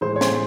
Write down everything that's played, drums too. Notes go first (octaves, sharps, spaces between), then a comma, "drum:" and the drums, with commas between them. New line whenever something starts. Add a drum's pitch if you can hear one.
A2 E3 G#3 C5
C#5
C5, drum: snare